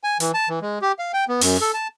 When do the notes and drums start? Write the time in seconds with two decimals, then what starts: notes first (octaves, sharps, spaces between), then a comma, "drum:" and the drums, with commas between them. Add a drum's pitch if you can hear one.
0.04 G#5
0.20 E3, drum: hi-hat
0.34 A5
0.49 E3
0.61 G#3
0.82 G4
0.99 F5
1.13 G5
1.28 B3
1.41 F#2, drum: open hi-hat
1.61 A4
1.74 A5